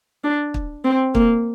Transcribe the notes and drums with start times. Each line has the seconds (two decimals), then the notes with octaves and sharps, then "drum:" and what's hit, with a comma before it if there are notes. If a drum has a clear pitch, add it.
0.24 D4
0.54 drum: kick
0.85 C4
1.15 A#3, drum: kick